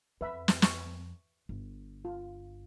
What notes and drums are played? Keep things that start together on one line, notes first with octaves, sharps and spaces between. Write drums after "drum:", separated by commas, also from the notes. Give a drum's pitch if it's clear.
F2 B4 E5 B5
drum: snare
C#6, drum: snare
G1
F4